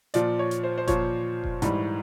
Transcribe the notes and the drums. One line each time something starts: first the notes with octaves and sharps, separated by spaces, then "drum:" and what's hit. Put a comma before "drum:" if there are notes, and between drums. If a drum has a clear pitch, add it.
A#2 F3 D5, drum: hi-hat
C#5
drum: hi-hat
C5
C5
A#2 F3 C#5, drum: kick F1, hi-hat
drum: kick F1
G#2 E3 G3, drum: hi-hat